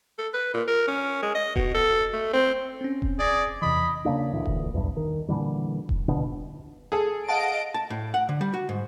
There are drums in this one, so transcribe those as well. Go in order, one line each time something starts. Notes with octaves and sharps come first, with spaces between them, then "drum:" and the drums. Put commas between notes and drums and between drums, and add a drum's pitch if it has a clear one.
A4
B4
A#2
A#4
C#4
G#3
D#5
B2, drum: kick E1
A4
A3
C4
C4 C#4
drum: kick E1
G#4 D5 D6 G#6 A#6
E2 C3 E3 D#5 B5
C#3 F#3 A#3 D4
D2 A#2 E3
drum: kick E1
B1 E2 G2
D#3
A#2 D3 E3 G3
drum: kick E1
D#1 A#1 B2 D3
G#4 A4
D#5 F5 F#5 A5 D7
A5
A2
F#5
D3
G3
F#4
G#2